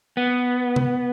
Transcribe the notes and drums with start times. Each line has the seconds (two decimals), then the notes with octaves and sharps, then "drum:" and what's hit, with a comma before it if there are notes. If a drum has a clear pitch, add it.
0.17 B3
0.76 drum: tom C3